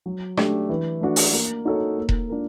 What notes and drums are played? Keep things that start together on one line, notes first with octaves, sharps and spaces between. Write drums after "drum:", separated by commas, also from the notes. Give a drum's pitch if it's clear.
F#3
A3 D4 G4, drum: rim click
E3
A3 D4 F#4
drum: open hi-hat
A#3
D#4 F#4 A4 C#5
A#3
drum: kick E1
D4 F4 A#4